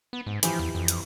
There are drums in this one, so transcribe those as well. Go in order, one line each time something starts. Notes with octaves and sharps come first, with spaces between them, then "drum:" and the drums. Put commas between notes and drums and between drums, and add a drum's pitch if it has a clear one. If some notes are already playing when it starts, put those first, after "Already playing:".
B3
G#2
E3 F3 G4, drum: hi-hat
E2
F2
drum: hi-hat